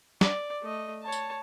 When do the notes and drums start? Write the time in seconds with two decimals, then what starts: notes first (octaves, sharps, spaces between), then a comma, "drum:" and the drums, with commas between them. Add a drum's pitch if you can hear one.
0.21 D5, drum: snare
0.62 A3 D#5
1.03 C#5 A5
1.12 drum: tambourine